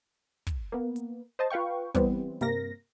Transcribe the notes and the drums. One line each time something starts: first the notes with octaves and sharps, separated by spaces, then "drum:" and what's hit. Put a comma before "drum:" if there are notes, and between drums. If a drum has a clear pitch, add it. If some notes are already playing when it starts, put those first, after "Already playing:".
drum: kick, hi-hat
A#3 B3
drum: hi-hat
C5 D#5 A5
F4 B4 F5 G5 C#6
E3 G3 B3 C4, drum: kick, hi-hat
G2 C3 A#3 A#4 A#6, drum: hi-hat